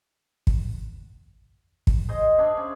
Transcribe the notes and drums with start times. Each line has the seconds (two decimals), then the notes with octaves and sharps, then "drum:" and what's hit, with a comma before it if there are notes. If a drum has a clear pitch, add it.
0.47 drum: kick
1.87 drum: kick
2.08 G#4 C5 D#5
2.38 D4 G#4 C5 E5
2.57 C#3 C#4